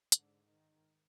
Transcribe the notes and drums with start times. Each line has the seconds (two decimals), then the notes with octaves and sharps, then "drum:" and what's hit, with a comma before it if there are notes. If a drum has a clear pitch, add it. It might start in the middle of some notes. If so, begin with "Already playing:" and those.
0.12 G#2 D3, drum: hi-hat
0.47 D#3